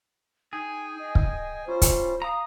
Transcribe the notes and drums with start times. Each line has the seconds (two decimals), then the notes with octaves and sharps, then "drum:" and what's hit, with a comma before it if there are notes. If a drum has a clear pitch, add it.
0.53 D#4 G#4 G5 G#5
0.99 D#5
1.15 drum: kick
1.67 G3 C#4 F4 C5
1.82 drum: kick, hi-hat
2.22 F5 A#5 D#6